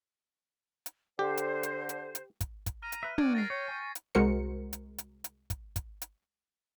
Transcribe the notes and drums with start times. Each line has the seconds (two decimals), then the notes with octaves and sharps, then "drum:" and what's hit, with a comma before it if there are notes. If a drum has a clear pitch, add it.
0.86 drum: hi-hat
1.19 D3 G4 C5
1.37 drum: hi-hat
1.63 drum: hi-hat
1.89 drum: hi-hat
2.15 drum: hi-hat
2.41 drum: kick, hi-hat
2.66 drum: kick, hi-hat
2.83 A#5 F6 D#7
2.92 drum: hi-hat
3.03 B4 E5
3.18 C4 D4 F#4 D5 G#6, drum: tom
3.35 A#4 A6 A#6 C7
3.50 C#5 G5
3.68 G#5 C#6
3.95 drum: hi-hat
4.15 C2 G#3 F#4 A#4 C5 C#7
4.73 drum: hi-hat
4.98 drum: hi-hat
5.24 drum: hi-hat
5.50 drum: kick, hi-hat
5.76 drum: kick, hi-hat
6.02 drum: hi-hat